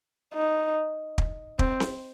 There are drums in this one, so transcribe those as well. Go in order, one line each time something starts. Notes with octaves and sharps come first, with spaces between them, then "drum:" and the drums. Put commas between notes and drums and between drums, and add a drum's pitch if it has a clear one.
D#4
drum: kick
C4, drum: kick
drum: snare C4